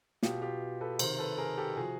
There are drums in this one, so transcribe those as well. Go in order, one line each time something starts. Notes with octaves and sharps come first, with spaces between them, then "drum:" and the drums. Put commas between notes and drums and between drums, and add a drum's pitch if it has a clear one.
B2 F4 G4, drum: snare
F4 G4
A4 B4
C3 D#3 A#4 C5, drum: cymbal
A4 B4
G#4 A#4
G4 A4
C3 F3 F#4 G#4